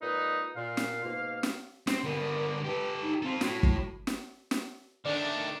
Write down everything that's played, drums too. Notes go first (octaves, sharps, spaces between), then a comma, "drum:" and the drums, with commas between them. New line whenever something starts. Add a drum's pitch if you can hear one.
A#2 G#3 D#4 B4
A#2 F5
drum: snare
G#2 B2 A#3
drum: snare
C4 C#4, drum: snare
D3 B3 A#4
G4 A4 B4
D#4
C4 F4 A4
A2 F#4, drum: snare
drum: kick
drum: snare
drum: snare
D#3 A3 D4 D5